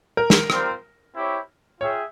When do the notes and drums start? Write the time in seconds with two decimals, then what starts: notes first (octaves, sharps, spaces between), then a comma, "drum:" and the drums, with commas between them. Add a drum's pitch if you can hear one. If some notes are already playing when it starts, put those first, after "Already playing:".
0.17 A#4
0.30 drum: snare
0.50 G3 C4 F4 C5, drum: rim click
1.15 C4 E4 G4 C#5
1.81 F4 G#4 C#5 E5 G5